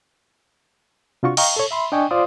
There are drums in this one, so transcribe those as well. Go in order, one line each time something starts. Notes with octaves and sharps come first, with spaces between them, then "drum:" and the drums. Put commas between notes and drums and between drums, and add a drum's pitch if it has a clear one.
C3 D4 F4 F#4 C#6
D#5 F5 G5 A#5 C#6, drum: cymbal
A4 C#5
E5 B5 C6
D4 D#5 G5 G#5 C#6
F4 C5 D5 F5 C6 D#6